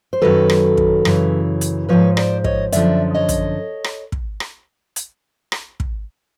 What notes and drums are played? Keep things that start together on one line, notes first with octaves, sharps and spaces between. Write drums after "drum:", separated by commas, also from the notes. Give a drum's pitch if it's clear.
C5
F#2 D#3 F#3 A4 B4
drum: rim click
drum: kick
F#2 C#3 E3, drum: rim click
drum: hi-hat
G#2 F3 B4 C#5
C5 D5, drum: rim click
C#5 D#5, drum: kick
F#2 D3 F3 D5 E5, drum: hi-hat
C#5 D#5
drum: kick, hi-hat
drum: rim click
drum: kick
drum: rim click
drum: hi-hat
drum: rim click
drum: kick